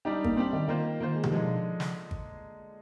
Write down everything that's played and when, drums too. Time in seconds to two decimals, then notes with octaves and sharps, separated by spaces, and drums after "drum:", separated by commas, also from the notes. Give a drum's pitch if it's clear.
0.05 G3 D4 D#4 G4
0.24 A#3, drum: kick G#1
0.36 G3 C4 D4 G4
0.53 D#3
0.68 D#3 A#3 F4 C5
1.00 D#3 A#3 F4 C5
1.15 G#3
1.23 G3, drum: tom B2
1.31 D3 F3 G#3 D#4
1.80 drum: snare
2.11 drum: kick G#1